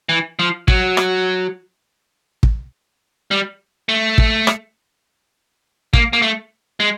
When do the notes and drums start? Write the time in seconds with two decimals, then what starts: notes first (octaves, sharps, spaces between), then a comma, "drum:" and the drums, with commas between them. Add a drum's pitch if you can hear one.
0.09 E3
0.39 F3
0.68 F#3, drum: kick
0.97 drum: rim click
2.43 drum: kick
3.31 G3
3.89 A3
4.18 drum: kick
4.47 drum: rim click
5.93 A#3, drum: kick
6.13 A#3
6.22 A3
6.80 G#3